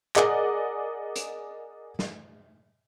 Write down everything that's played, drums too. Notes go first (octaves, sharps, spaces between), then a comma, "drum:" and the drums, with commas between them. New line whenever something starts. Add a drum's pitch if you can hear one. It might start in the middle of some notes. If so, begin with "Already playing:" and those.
G#4 A#4 D5 D#5 F#5, drum: clap
drum: hi-hat
drum: snare